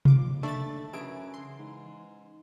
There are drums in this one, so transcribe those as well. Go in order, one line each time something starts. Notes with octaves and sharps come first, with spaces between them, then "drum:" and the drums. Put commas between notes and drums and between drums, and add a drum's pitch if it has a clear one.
D#2 F4 D6, drum: tom C3
A3 D4 B5 A6
F#2 E3 E4 G#4 D7
C#3 C6
G#2